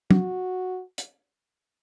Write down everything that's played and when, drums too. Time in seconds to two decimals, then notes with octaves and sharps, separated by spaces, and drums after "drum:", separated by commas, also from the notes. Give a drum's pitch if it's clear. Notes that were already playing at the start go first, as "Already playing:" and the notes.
0.11 F#4, drum: tom
0.98 drum: hi-hat